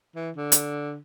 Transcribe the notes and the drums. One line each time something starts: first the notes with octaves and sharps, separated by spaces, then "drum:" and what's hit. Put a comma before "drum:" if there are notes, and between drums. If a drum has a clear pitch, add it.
E3
D3
drum: hi-hat